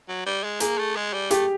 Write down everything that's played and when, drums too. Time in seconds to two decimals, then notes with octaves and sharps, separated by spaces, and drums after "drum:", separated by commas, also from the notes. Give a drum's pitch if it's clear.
0.08 F#3
0.26 G3
0.44 G#3
0.60 A#3 G#4, drum: hi-hat
0.78 A3
0.96 G#3
1.13 G3
1.31 A3 G4, drum: hi-hat